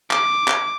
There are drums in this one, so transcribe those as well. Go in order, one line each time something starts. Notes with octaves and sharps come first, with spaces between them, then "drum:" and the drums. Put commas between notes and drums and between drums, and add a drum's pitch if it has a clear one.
D6, drum: clap
drum: clap